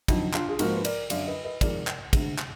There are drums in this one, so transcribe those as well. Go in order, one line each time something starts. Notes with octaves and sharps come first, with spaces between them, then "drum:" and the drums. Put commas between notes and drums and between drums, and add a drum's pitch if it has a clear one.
F2 D3 F#3 D#4, drum: kick, cymbal
D4 F4, drum: clap
G#4
G#2 F3 A#3 F#4 A#4, drum: cymbal
B4
A#4 D5, drum: cymbal
F#2 D3 F#3 D5 F5, drum: cymbal
B4 D#5
B4 D#5
F2 D#3 G#3 A#4 D5, drum: kick, cymbal
drum: clap
D2 D3 G#3, drum: kick, cymbal
drum: clap